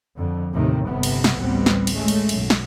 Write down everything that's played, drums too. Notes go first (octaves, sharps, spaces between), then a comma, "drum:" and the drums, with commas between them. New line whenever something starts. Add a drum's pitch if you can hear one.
F2 D3
D#2 A2 C3 D#3
G1 D#2 C3 B3
drum: cymbal
drum: snare
A1 D2 G3 B3 C4
drum: snare
drum: cymbal
G#3 A3 C#4
drum: cymbal
B1 F#2, drum: cymbal
drum: snare